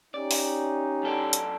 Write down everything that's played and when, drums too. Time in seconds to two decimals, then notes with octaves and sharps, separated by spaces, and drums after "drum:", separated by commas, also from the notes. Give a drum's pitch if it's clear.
0.14 C#4 D#4 G4 D5
0.31 drum: open hi-hat
1.03 F#2 A4 D5
1.33 drum: hi-hat